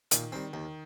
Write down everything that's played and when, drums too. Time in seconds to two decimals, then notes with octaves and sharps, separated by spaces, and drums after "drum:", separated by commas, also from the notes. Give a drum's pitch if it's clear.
0.11 A#2 D#3, drum: hi-hat
0.32 D#3 G3 C4
0.53 D#2 D#3